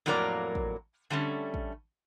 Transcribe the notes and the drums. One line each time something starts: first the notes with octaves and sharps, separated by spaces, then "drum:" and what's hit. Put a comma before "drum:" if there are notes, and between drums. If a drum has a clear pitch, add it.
F2 A2 F#3 A#3 A#4 D5
drum: kick
D3 G3 A3 C#4
drum: kick